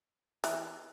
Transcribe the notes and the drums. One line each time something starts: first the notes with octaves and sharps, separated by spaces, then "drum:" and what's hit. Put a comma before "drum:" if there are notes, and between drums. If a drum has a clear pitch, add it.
E3, drum: open hi-hat